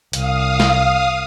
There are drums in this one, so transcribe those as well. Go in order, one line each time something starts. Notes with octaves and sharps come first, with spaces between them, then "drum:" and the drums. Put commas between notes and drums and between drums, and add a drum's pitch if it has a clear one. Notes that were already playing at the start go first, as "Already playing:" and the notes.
C2 F5 D#6, drum: hi-hat
drum: snare